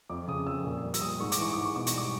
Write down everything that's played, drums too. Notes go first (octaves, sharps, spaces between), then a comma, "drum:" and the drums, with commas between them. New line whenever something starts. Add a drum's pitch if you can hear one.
F2 D6
C#3 D#6
F2 E6
A#2
G3
E6, drum: hi-hat
A#2 D#6
G#2 C#6
D6, drum: hi-hat
E3 C#6
G#2 D6
C#6
B2 D6
C#6, drum: hi-hat
G3 D6